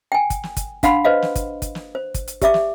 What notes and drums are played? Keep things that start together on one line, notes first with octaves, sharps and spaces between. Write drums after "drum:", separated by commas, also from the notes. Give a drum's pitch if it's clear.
G5 G#5
drum: kick, hi-hat
drum: snare
drum: kick, hi-hat
D4 F5 F#5 B5 C6, drum: kick, hi-hat
B4 C5 D#5 F5
drum: snare
drum: kick, hi-hat
drum: kick, hi-hat
drum: snare
C5
drum: kick, hi-hat
drum: hi-hat
G4 D5 E5 D6, drum: kick, hi-hat
drum: snare